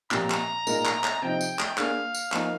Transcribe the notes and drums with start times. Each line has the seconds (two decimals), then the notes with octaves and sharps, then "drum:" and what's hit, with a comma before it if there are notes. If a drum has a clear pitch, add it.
0.11 A#2 F3 C4 G4 A#5, drum: clap
0.30 drum: clap
0.67 A#2 G#3 D#4 A#4, drum: tambourine
0.85 drum: clap
1.04 drum: clap
1.22 C3 F3 C4 D#4 G5
1.41 drum: tambourine
1.59 drum: clap
1.78 A#3 D4 G#4 F5, drum: clap
2.14 drum: tambourine
2.32 F3 A#3 D#4 A#4, drum: clap